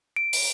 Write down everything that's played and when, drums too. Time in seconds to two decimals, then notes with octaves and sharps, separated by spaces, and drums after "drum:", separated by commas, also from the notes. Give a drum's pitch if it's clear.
0.16 D7
0.33 drum: open hi-hat